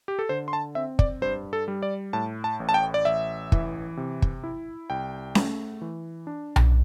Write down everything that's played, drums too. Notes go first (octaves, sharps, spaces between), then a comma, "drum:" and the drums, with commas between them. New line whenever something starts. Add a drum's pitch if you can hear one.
G4
A4
D3 C5
C6
A5
C4 E5
D5, drum: kick
G2 C5
A4
G3
D5
A2 A5
A5
A1
A5
G5
D5
A1 E5
E3, drum: kick
C3
drum: kick
E4
C2 G5
A3, drum: snare C#4
E3
D4
drum: tom B1